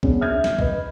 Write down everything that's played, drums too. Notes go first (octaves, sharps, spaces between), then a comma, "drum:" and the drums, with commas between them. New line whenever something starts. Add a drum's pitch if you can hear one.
B3 C#4 D4 G#4, drum: kick
E5 F6 G6 G#6
drum: snare
B4 D#5, drum: kick